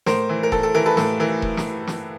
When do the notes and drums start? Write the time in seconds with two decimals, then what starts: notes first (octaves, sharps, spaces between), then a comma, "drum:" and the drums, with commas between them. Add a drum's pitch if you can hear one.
0.06 A2 A#4 C5, drum: snare
0.29 E3
0.43 A#4
0.52 A2 A4, drum: kick E1
0.63 A4
0.74 E3 A#4
0.86 A4 B4
0.97 A2 A4, drum: snare
1.20 E3 A#4
1.42 drum: kick E1
1.57 drum: snare
1.87 drum: snare